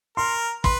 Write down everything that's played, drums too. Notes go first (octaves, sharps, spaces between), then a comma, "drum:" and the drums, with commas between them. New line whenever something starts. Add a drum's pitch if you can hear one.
A#4 C6
B4 C6, drum: kick